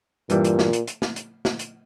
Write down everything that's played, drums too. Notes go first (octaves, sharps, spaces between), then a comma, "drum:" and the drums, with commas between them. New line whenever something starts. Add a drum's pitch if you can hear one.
G2 A#2 E3 G3, drum: hi-hat
drum: hi-hat
drum: snare
drum: hi-hat
drum: hi-hat
drum: snare
drum: hi-hat
drum: snare
drum: hi-hat